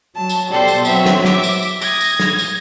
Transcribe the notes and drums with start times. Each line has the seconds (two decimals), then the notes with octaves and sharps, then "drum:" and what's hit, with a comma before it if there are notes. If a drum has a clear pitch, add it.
0.16 F#3 A5
0.29 drum: tambourine
0.52 B2 G3 A4 C5
0.67 drum: tambourine
0.85 F#3 B3 C4 E5, drum: tambourine
1.05 drum: snare
1.25 E5 D6, drum: snare
1.43 drum: tambourine
1.62 drum: tambourine
1.81 D#6 G#6 A#6, drum: tambourine
2.01 drum: tambourine
2.20 drum: snare
2.39 drum: tambourine